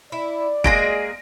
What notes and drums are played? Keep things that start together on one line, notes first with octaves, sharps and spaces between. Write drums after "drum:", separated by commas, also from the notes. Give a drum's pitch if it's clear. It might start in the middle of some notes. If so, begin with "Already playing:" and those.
E4 D5
G#3 A#3 G#4 A#6 D7, drum: kick